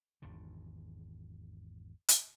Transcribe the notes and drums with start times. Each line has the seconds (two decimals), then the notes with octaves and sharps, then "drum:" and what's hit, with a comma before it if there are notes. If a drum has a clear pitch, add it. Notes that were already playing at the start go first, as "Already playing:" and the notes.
0.22 G#1 E2 D3 D#3
2.09 drum: hi-hat